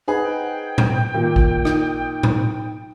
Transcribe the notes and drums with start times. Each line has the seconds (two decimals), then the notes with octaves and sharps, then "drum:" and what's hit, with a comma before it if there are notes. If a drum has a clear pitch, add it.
0.08 D#4 G#4 B4 C5 F#5
0.22 G5
0.78 drum: tom A2
1.14 A#2 D#3 A#3 E6
1.36 drum: kick A1
1.65 D#4 D#6, drum: rim click
2.23 drum: tom A2